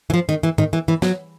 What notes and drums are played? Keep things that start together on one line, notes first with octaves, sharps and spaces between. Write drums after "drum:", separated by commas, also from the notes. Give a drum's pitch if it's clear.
E3
F3
D#3
E3
D#3, drum: tom G#2
E3
E3
F#3, drum: snare